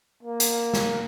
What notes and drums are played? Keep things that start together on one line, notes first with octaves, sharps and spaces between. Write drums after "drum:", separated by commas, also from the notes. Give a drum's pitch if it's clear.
A#3
drum: hi-hat
drum: snare